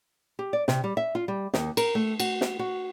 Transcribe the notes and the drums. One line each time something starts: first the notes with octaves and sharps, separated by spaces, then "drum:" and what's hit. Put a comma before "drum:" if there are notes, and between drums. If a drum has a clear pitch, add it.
G4
D5
C3, drum: snare
G3
E5
F4
G3
D#2, drum: snare
A#4, drum: cymbal
A3
F#4, drum: cymbal
drum: snare
F#4